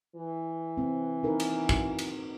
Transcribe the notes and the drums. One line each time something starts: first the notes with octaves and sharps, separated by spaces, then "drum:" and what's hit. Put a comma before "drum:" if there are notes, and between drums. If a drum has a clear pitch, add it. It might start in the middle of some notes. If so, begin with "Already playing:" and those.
E3
C4
D#4 A#4 B4
drum: cymbal
F#4, drum: kick
drum: cymbal